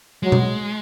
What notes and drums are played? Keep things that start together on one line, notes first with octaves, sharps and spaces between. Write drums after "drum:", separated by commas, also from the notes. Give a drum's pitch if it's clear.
F#3 G#3
drum: tom B2